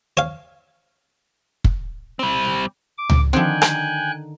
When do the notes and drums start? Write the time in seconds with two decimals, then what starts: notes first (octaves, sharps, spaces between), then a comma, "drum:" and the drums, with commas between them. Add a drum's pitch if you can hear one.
0.17 C#5 F5
1.64 drum: kick
2.19 G3 C4
2.98 D6
3.10 drum: tom C#2
3.33 D3 D#3 F3 C4 G5 G#5 F#6
3.62 drum: rim click